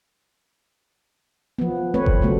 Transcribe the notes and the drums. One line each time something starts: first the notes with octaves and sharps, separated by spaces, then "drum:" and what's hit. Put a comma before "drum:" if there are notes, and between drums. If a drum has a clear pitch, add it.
F3 B3
A3 C4 B4 C#5
drum: kick F#1
C#3 F#3 G3 A3 B3 F#4